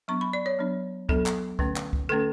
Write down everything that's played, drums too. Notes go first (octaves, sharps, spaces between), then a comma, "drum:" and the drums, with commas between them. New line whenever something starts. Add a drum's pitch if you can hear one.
F#3 B3 D4 C#6
B5
D5
C#5
F#3 B3 D4
F#3 B3 D4 A4, drum: kick
drum: clap
D3 A3 C#4, drum: kick
drum: clap
drum: kick
D3 A3 C#4 A4